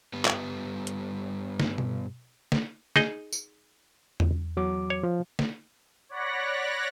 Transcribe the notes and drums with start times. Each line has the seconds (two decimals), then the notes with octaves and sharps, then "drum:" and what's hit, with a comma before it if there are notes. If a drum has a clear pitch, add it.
0.13 G2 G3 B3
0.25 drum: clap
0.87 drum: hi-hat
1.60 drum: snare
1.78 drum: tom B2
2.52 drum: snare
2.96 D#4 G#4 D#5, drum: snare
3.33 drum: tambourine
4.20 drum: tom E2
4.57 E2 F#3 D6
4.90 C#5
5.03 F3
5.39 drum: snare
6.09 C#5 D5 F#5 B5 F#6 A#6